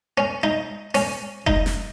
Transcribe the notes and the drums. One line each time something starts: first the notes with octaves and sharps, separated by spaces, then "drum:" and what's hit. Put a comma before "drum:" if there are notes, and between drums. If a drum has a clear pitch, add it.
C#4
D#4
C#4, drum: open hi-hat
D#4, drum: kick F1
drum: snare